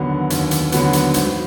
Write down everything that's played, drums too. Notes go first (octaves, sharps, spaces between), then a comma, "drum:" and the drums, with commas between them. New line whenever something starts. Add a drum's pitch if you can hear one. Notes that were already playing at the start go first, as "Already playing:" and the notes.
Already playing: D#2 D3 F#3 B3
D#2, drum: hi-hat
drum: hi-hat
D3 F#3 B3, drum: hi-hat
drum: hi-hat
G#1, drum: hi-hat